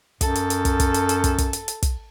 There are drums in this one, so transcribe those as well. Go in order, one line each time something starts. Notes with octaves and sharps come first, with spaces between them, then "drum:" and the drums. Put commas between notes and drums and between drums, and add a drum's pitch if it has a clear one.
F#2 A4, drum: kick, hi-hat
drum: hi-hat
drum: hi-hat
drum: kick, hi-hat
drum: kick, hi-hat
drum: hi-hat
drum: hi-hat
drum: kick, hi-hat
drum: kick, hi-hat
drum: hi-hat
drum: hi-hat
drum: kick, hi-hat